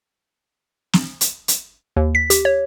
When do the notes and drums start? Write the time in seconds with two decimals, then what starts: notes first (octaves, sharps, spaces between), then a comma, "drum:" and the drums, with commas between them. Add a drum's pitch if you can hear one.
0.93 drum: snare
1.21 drum: hi-hat
1.48 drum: hi-hat
1.97 D#2
2.15 B6
2.30 G4, drum: hi-hat
2.45 C#5